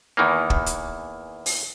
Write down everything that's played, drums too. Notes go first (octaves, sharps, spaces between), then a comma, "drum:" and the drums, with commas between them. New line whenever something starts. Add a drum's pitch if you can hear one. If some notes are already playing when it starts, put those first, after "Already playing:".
E2 D#3 E3 A#3
drum: kick
drum: hi-hat
drum: open hi-hat